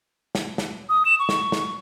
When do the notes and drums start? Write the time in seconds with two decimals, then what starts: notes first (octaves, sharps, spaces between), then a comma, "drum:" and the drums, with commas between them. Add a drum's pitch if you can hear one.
0.35 drum: snare
0.58 drum: snare
0.89 D#6
1.05 E7
1.19 C#6
1.29 drum: snare
1.52 drum: snare